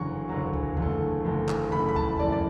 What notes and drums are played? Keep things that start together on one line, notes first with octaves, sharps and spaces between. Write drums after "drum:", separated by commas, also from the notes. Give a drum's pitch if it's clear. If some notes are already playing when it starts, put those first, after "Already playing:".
Already playing: F#1 E2 D3 F#3 C#6
F#1 E2 D3 F#3
drum: kick D2
F#1 E2 D3 A3, drum: kick D2
F#1 E2 D3 A3
drum: clap
F#1 F#2 E3 A3 B5
B5
A5, drum: kick D2
F#1 F#2 E3 A3 D5, drum: kick D2
D5